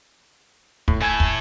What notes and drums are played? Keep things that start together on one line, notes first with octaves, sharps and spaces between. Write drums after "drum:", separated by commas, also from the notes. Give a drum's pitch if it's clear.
A2, drum: kick
A3 E4 G#5 G#6
drum: kick